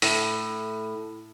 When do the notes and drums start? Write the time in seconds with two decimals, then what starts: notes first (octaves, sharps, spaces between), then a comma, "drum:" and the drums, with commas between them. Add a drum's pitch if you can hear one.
0.02 A2, drum: open hi-hat